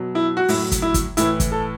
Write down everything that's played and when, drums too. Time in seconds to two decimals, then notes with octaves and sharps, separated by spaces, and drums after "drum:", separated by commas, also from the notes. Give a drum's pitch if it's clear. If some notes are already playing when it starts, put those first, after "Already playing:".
Already playing: B2 F#3
0.15 E4
0.37 F#4
0.48 A2 F#3 E4, drum: open hi-hat
0.72 drum: kick, hi-hat
0.82 E4
0.94 drum: kick, hi-hat
1.17 A2 E3 E4, drum: hi-hat
1.40 drum: kick, hi-hat
1.52 A4